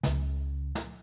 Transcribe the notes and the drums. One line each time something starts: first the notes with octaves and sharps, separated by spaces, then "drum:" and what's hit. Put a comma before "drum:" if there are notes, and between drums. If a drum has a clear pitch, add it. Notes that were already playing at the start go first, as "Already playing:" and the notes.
C#2 C#3, drum: snare
drum: snare